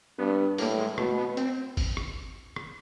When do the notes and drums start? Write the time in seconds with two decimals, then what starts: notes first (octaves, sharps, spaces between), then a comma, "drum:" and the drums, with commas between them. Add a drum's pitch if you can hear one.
0.19 G2 B3
0.58 A2 A#3, drum: open hi-hat
0.79 G#3
0.98 B2 A3, drum: rim click
1.18 B3
1.37 C4, drum: hi-hat
1.77 drum: kick G1, open hi-hat
1.97 drum: rim click
2.56 drum: rim click